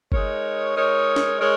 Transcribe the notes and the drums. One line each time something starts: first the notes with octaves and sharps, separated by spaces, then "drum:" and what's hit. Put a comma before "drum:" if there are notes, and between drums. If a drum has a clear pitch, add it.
G#3 D#4 A#4 C#5, drum: kick G1
G#3 D#4 A#4 C#5
drum: snare
G#3 D#4 A#4 C#5